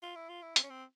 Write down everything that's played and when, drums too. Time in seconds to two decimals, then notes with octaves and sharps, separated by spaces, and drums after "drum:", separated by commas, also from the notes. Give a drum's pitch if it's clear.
0.03 F4
0.16 E4
0.29 F4
0.42 E4
0.56 C4, drum: hi-hat
0.63 C#4
0.70 C4